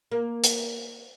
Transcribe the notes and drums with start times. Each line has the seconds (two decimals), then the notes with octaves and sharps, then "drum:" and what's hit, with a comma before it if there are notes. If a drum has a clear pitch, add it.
0.12 A#3
0.44 drum: hi-hat